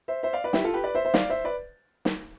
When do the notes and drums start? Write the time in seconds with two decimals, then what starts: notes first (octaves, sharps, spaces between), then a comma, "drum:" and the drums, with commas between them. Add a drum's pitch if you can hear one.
0.08 C5 E5
0.23 C5 E5
0.33 D5 F5
0.44 B4 D5
0.53 E4 G4, drum: snare
0.64 F4 A4
0.74 G4 B4
0.84 B4 D5
0.95 C5 E5
1.05 C5 E5
1.14 D5 F5, drum: snare
1.30 C5 E5
1.44 B4 D5
2.05 drum: snare